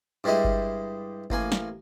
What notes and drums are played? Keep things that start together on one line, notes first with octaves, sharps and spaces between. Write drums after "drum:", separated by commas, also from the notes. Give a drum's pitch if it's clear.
G2 G3 G#3 E4 D#5
drum: kick G1
A1 A#3 G#5, drum: kick G1
drum: snare